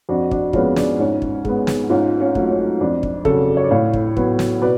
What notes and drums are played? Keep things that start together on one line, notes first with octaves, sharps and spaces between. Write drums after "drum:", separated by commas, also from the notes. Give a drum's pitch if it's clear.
F2 D4 F#4
D4, drum: kick
F3 G#3 B3 C#4 F4, drum: kick
D4, drum: snare
G#2 C#4
drum: kick
G#3 B3, drum: kick
drum: snare
G#2 C#4 F4
C#4 F4
F#3 A3, drum: kick
C#4
F2 D4
drum: kick
C#3 F#3 A4 C#5, drum: kick
C#5
D5
A2 C#5 F5
drum: kick
F#3 B3, drum: kick
drum: snare
B2 B4 D5